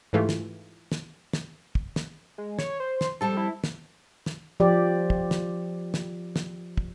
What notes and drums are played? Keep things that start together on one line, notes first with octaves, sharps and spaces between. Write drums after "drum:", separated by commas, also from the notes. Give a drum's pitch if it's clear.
G#2 E3 A3 F4 G4
drum: snare
drum: snare
drum: snare
drum: kick
drum: snare
G#3
C#5, drum: snare
C5
drum: snare
F2 G3 A4 A5
E4
drum: snare
drum: snare
F3 G4 D5
drum: kick
drum: snare
drum: snare
drum: snare
drum: kick